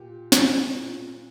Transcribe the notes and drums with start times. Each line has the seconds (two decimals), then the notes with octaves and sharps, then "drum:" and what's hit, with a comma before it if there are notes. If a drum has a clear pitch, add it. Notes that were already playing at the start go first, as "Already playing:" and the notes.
Already playing: A#2 G4
0.32 G#3, drum: snare
0.74 A#2